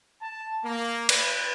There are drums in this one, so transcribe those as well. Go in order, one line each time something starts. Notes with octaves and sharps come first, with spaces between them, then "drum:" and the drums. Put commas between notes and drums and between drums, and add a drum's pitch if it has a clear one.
A5
A#3
B4, drum: cymbal